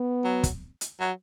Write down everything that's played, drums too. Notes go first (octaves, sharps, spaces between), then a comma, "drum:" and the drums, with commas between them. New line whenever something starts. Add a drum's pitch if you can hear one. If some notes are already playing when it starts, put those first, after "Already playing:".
Already playing: B3
F#3
drum: kick, hi-hat
drum: hi-hat
F#3